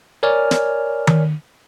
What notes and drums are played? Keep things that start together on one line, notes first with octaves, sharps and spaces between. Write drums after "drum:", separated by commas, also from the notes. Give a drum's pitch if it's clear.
A#4 C#5 D5 G#5 F6
drum: snare
drum: tom D#3